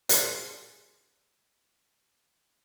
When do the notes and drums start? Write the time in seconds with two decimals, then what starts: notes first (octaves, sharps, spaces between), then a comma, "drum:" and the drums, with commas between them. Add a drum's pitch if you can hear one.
0.09 G#4 C5, drum: hi-hat